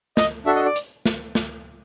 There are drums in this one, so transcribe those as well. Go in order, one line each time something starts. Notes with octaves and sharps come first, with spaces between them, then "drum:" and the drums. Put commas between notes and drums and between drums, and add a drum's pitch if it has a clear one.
D#5, drum: snare
D4 F#4 A4 E5
D#5
D5
drum: hi-hat
drum: snare
drum: snare